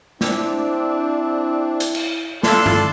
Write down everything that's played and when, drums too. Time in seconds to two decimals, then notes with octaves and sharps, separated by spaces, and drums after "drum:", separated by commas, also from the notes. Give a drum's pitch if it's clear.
0.21 C4 D4 E4, drum: snare
1.80 drum: hi-hat
1.95 drum: cymbal
2.43 D4 E4 F4 A4 C6, drum: snare
2.66 drum: tom